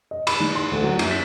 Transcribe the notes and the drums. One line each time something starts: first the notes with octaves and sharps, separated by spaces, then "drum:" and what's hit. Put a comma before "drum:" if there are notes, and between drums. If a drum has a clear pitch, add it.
D#5
B5, drum: cymbal
D#3
C6
D2
F#3
F#2, drum: cymbal
B6